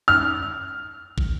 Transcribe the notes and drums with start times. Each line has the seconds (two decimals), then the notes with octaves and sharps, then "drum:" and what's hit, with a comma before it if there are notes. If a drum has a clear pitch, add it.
0.08 F6
1.18 drum: kick